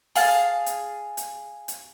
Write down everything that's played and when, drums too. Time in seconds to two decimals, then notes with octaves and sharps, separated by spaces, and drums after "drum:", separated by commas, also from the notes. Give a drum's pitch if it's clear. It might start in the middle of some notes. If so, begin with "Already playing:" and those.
0.15 G#4 F5 A5, drum: open hi-hat
0.66 drum: hi-hat
1.17 drum: hi-hat
1.68 drum: hi-hat